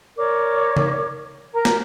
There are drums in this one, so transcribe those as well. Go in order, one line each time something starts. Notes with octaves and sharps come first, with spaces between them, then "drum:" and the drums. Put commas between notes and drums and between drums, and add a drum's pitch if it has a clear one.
A#4 C#5 D5 D6
drum: tom C#3
A#4 A#5
drum: snare